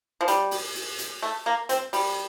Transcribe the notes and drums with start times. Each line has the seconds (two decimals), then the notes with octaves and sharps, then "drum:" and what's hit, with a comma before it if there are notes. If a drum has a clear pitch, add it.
0.21 F3
0.28 G3, drum: hi-hat
0.51 drum: open hi-hat
0.75 drum: open hi-hat
0.99 drum: hi-hat
1.22 A3
1.46 A#3
1.69 C4, drum: hi-hat
1.93 G3, drum: open hi-hat